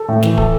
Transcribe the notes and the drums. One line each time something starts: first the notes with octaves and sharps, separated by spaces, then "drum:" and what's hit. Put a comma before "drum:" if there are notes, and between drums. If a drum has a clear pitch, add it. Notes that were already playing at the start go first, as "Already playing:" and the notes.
Already playing: A4
A2
E3, drum: snare
A4, drum: kick